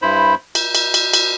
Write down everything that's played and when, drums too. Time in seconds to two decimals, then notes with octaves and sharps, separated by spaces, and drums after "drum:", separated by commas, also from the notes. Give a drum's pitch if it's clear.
0.02 G2 E4 C5 B5
0.55 G6, drum: cymbal
0.75 drum: cymbal
0.94 drum: cymbal
1.13 drum: cymbal